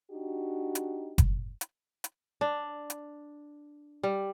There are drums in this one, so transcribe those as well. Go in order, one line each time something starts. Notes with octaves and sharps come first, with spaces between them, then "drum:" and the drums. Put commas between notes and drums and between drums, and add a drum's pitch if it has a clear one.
D4 D#4 F#4 G4
drum: hi-hat
drum: kick F#1, hi-hat
drum: hi-hat
drum: hi-hat
D4
drum: hi-hat
G3